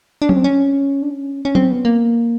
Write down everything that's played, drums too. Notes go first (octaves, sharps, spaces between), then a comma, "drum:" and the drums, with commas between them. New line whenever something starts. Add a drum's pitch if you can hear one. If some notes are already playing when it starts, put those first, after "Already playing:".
D4
C#4, drum: tom F#3
C4
C#4
D4
C#4
C#4
C4, drum: tom F#3
B3
A#3